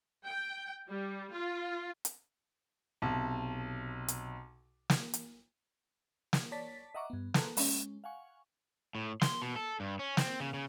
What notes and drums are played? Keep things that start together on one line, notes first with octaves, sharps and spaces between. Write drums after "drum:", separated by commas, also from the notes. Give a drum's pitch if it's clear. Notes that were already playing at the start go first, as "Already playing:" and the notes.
G5
G3
F4
drum: hi-hat
B1 C3 A5
drum: hi-hat
drum: snare
drum: hi-hat
drum: snare
C#5 D5 A5 A6 B6
D#5 E5 F#5 A#5 C#6 D6
G2 B3
A4 B4 A5 A#5 C6 F#6, drum: snare
G#3 C#4, drum: open hi-hat
F5 F#5 G#5 C#6
A2
C6, drum: snare
B2
A4
G2
C#4
C4, drum: snare
C#3
C#3